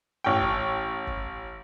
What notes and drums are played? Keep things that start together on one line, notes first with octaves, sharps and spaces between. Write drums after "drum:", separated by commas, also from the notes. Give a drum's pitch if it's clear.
A1 G5
drum: kick
drum: kick